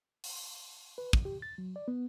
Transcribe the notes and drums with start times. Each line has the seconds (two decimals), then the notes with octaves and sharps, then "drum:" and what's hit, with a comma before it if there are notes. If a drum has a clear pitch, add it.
0.24 drum: open hi-hat
0.98 B4
1.13 F#2, drum: kick
1.25 G4
1.42 A6
1.58 F#3
1.76 D5
1.88 B3